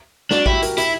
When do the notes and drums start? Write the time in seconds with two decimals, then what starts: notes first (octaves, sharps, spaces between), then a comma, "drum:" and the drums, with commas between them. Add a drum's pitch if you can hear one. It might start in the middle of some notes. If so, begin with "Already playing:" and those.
0.31 D4 F#4, drum: snare
0.46 E4 G4, drum: kick A1
0.63 A#4, drum: hi-hat
0.77 E4 G4, drum: hi-hat